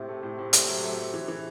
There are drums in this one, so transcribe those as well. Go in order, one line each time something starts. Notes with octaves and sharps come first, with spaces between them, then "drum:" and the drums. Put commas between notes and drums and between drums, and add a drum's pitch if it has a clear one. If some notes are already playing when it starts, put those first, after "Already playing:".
Already playing: A2 C3
A3
A2
A2
A3, drum: hi-hat
F#3
A3
A3
E3
E3